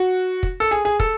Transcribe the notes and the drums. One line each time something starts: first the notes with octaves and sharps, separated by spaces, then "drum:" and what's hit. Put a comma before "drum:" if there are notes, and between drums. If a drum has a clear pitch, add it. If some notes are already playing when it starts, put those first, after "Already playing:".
Already playing: F#4
drum: kick
A4
G#4
G#4
A4, drum: kick